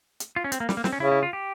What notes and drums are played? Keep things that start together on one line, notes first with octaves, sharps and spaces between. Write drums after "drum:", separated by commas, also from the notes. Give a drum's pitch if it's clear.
drum: hi-hat
F4
C#4
C4, drum: hi-hat
A#3
G3, drum: snare
A#3
C4, drum: snare
C#4
C#3 E4
E4
F4
G4